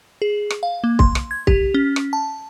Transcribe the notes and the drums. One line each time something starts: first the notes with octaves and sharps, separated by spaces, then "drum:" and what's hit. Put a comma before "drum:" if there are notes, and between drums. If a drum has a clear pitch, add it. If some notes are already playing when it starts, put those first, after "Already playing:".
G#4
drum: rim click
F5
A#3
C6, drum: kick
drum: rim click
G#6
G4, drum: kick
C#4
drum: rim click
A5